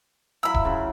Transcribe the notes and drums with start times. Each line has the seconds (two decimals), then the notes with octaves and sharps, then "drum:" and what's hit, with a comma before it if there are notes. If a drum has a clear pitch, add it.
0.43 F#3 E4 F4 B5 E6
0.54 drum: kick D1
0.65 C#3